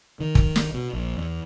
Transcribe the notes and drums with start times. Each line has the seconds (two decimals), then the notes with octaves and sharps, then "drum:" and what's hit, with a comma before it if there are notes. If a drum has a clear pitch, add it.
0.20 D#3
0.35 drum: kick
0.56 drum: snare
0.74 B2
0.93 A#1
1.17 E2